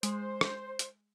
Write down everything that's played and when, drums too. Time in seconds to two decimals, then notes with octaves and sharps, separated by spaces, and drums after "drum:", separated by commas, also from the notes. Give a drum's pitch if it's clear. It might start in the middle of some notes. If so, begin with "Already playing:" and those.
0.03 G#3 C5, drum: hi-hat
0.41 drum: rim click
0.79 drum: hi-hat